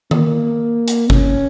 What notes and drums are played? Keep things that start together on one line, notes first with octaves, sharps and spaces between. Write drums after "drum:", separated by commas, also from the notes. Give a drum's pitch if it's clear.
A#3, drum: tom D#3
drum: hi-hat
C#4, drum: kick G1